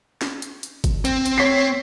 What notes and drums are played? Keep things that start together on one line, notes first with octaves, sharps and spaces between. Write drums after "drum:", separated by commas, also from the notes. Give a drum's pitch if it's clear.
drum: snare
drum: hi-hat
drum: hi-hat
drum: kick G1, hi-hat
C4, drum: hi-hat
drum: hi-hat
C#5 B6 C7